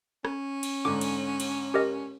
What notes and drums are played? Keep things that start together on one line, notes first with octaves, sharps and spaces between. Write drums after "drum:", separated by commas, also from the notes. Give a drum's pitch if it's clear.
C#4, drum: rim click
drum: cymbal
G#2 D3 D6
drum: cymbal
drum: cymbal
G4 A#4 D#5